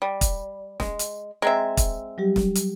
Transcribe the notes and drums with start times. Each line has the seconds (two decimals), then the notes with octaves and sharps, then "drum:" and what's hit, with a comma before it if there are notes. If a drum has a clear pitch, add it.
0.02 G3
0.21 drum: kick, hi-hat
0.80 G#3, drum: snare
0.99 drum: hi-hat
1.42 G#3 C4 E5 A#5
1.77 drum: kick, hi-hat
2.18 F#3 G3 G4
2.36 drum: snare
2.55 drum: hi-hat